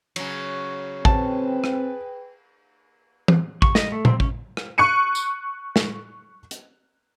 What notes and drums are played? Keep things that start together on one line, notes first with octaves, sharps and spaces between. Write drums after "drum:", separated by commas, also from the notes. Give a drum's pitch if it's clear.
C#3 F#3, drum: cymbal
C4 G#4 B4 G5 A5, drum: kick A1
drum: rim click
drum: tom E3
C#6, drum: kick A1
D#5, drum: snare
A3
C4, drum: tom A#2
C#4, drum: kick A1
drum: rim click
C#6 F#6 C#7 D#7
drum: tambourine
drum: snare
drum: hi-hat